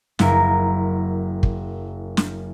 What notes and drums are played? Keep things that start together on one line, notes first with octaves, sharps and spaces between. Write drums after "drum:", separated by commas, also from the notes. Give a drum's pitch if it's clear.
F#1 E4 A#4, drum: snare
drum: kick
drum: snare